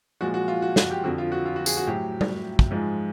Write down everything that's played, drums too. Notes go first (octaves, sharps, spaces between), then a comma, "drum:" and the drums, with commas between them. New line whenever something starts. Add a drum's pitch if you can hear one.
A#2 F3 G#3 F#4
F#4
F4
F#4
F#4, drum: snare
G4
F2 D3 F3 F#4
F4
F#4
F4
F#4
G#4, drum: tambourine
F#4
A2 F#3 G4
drum: tom G3
drum: kick
G#2 F3 G#3